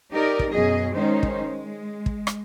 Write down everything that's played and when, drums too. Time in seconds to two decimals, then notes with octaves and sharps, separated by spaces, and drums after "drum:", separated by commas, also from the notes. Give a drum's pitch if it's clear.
0.13 D#4 G4 A#4 D5 D#5
0.39 drum: kick
0.53 F#2 B2 F#3 G#4 D#5
0.94 D#3 G#3 C#4 D#4 C5
1.23 drum: kick
1.43 G#3
2.06 drum: kick
2.27 drum: rim click